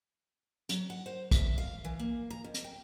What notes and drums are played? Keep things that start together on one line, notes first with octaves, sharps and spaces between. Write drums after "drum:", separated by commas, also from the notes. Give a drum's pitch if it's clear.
F#3, drum: hi-hat
F#5
C5
E5, drum: kick B1, hi-hat
F5
E3
A#3
A#5
F2
drum: hi-hat
G5